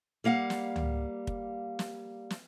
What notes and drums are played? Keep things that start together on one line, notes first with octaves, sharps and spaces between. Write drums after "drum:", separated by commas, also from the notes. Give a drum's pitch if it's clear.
G3 A#3 F5 F#5
drum: snare
drum: tom C#2
drum: kick
drum: snare
drum: snare